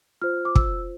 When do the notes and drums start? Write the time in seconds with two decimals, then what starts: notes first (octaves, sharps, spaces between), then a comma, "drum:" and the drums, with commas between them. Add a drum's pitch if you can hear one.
0.22 F4 C5 F6
0.45 D6
0.55 E6, drum: kick